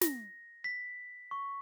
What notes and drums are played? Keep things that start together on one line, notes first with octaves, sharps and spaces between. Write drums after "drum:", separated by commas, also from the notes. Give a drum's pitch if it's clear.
A#6, drum: snare
B6
C#6